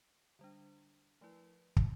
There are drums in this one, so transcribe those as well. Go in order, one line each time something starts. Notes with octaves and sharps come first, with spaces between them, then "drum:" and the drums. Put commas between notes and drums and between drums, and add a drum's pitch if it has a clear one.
D3 G3 D4
F3 A3 E4 B4
drum: kick